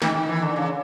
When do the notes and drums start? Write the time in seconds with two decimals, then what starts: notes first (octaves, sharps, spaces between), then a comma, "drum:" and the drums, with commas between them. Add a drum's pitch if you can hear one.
0.02 D#3, drum: snare
0.15 D#3
0.29 E3
0.42 D3
0.56 C#3